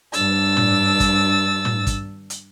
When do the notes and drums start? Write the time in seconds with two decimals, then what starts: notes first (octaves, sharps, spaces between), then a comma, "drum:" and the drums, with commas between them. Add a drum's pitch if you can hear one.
0.13 G2 D4 E6 A6, drum: hi-hat
0.57 drum: tom
1.00 drum: kick, hi-hat
1.65 drum: tom
1.87 drum: kick, hi-hat
2.30 drum: hi-hat